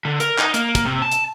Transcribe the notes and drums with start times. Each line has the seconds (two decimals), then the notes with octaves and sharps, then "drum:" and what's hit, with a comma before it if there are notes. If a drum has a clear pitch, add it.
0.05 D3
0.20 A#4, drum: hi-hat
0.38 D#4, drum: clap
0.54 A#3, drum: hi-hat
0.75 drum: kick, hi-hat
0.85 C3
1.02 A5
1.12 drum: hi-hat